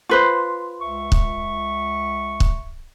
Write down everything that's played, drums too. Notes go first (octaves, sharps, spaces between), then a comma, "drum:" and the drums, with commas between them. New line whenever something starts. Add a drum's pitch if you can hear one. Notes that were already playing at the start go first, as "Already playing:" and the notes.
F4 B4 C5
C#2 E5 C#6
drum: kick C#1
drum: kick C#1